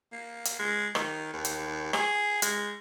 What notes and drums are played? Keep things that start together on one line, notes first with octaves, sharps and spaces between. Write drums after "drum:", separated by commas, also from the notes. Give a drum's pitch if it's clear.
A#3
drum: hi-hat
G#3
D#3, drum: rim click
D#2
drum: hi-hat
G#4, drum: rim click
G#3, drum: hi-hat